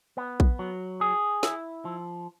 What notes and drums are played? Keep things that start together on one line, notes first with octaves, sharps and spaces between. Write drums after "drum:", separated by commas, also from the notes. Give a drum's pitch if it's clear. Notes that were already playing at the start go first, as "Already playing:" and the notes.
B3
drum: kick A#1
F#3
G#4
E4, drum: snare
F3